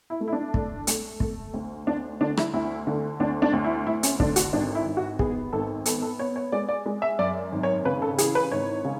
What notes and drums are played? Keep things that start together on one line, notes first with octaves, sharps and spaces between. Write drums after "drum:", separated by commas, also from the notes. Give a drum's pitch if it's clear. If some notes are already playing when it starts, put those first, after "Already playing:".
E4
A3
E4
D4
A3, drum: kick
A3, drum: hi-hat
A3, drum: kick
D2
D2 D4
D3 D4
E4, drum: rim click
D2 E4
D3
D2 D4
D4
D2
E4
D2 E4
C#4, drum: hi-hat
D3 D4, drum: kick
F#4, drum: hi-hat
G#1 D4
E4
G#1
F#4
B3 G#4, drum: kick
G#1 A4
B3 A4, drum: hi-hat
A4
B3 C#5
C#5
G#3 D5
D5
G#3
E5
F#2 D5
G#1
C#5
C#3 B4
A4
E3 G#4, drum: hi-hat
B4
G#1 C#5
C#3